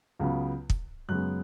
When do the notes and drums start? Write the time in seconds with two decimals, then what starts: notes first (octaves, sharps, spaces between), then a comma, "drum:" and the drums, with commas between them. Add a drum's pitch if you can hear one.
0.19 C#2 C#3 F#3 B3
0.70 drum: kick
1.09 F#2 C#3 G#3 B3 F#6